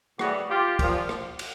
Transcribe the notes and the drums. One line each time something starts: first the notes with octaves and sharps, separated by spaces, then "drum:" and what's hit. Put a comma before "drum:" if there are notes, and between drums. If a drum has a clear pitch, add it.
A2 E3 G3 F#4 G#4, drum: rim click
F4 G4
A#2 F3, drum: kick, cymbal
drum: rim click
drum: cymbal